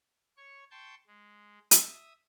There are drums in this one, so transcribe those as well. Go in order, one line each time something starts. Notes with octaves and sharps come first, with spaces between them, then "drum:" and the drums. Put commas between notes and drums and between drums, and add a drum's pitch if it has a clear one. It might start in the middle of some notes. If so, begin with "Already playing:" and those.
C#5 C#6
G5 A5 C6 C#6 G6
G#3
E5 D#6, drum: hi-hat